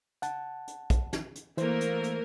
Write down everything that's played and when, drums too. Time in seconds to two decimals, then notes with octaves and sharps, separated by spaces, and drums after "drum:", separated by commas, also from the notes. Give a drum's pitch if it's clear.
0.22 F#5 A5, drum: hi-hat
0.67 drum: hi-hat
0.90 drum: kick, hi-hat
1.13 drum: snare
1.35 drum: hi-hat
1.57 E3 A3 A#3 A#4 C5, drum: hi-hat
1.81 drum: hi-hat
2.03 drum: hi-hat